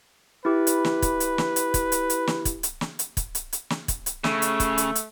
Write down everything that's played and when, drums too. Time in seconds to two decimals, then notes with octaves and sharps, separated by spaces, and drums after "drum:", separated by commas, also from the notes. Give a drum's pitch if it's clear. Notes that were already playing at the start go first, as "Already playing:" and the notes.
0.45 E4 G4 B4
0.67 drum: hi-hat
0.85 drum: snare
1.02 drum: kick, hi-hat
1.20 drum: hi-hat
1.38 drum: snare
1.56 drum: hi-hat
1.74 drum: kick, hi-hat
1.92 drum: hi-hat
2.10 drum: hi-hat
2.27 drum: snare
2.45 drum: kick, hi-hat
2.63 drum: hi-hat
2.81 drum: snare
2.99 drum: hi-hat
3.17 drum: kick, hi-hat
3.35 drum: hi-hat
3.53 drum: hi-hat
3.70 drum: snare
3.88 drum: kick, hi-hat
4.06 drum: hi-hat
4.24 C#3 A3, drum: snare
4.42 drum: hi-hat
4.60 drum: kick, hi-hat
4.78 drum: hi-hat
4.95 drum: hi-hat